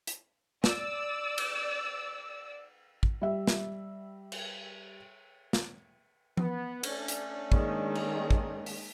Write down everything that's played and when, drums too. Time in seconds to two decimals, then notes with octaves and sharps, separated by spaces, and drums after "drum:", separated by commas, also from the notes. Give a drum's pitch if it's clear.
0.07 drum: hi-hat
0.64 D5 E6, drum: snare
1.38 drum: cymbal
3.03 drum: kick
3.22 G3 E5
3.47 drum: snare
4.32 drum: cymbal
5.53 drum: snare
6.37 B3, drum: tom F3
6.83 A3 C#4 D4, drum: cymbal
7.08 drum: hi-hat
7.52 D#3 G#3 A#3, drum: kick
7.95 drum: cymbal
8.31 drum: kick
8.66 drum: open hi-hat